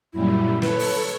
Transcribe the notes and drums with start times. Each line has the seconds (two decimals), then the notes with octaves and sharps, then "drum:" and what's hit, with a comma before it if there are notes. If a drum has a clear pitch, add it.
0.13 F#2 A#2 G3 E4
0.62 A4 B4 C#5, drum: snare
0.79 drum: open hi-hat